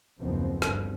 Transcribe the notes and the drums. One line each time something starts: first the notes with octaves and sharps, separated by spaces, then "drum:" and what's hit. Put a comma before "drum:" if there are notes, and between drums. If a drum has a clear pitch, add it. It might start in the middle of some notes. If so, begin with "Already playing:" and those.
F#1 D#2 C#3 F3 B3 C4
G1 C4, drum: rim click